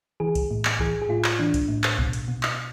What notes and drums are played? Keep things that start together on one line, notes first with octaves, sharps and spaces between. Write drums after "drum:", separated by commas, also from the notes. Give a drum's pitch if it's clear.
E3 G#4
drum: kick, hi-hat
A2
drum: clap
E3 G#4, drum: kick
G#4
A2 F4
drum: clap
E3 D4
drum: kick, hi-hat
A2
drum: clap
B2, drum: kick
drum: hi-hat
B2
drum: clap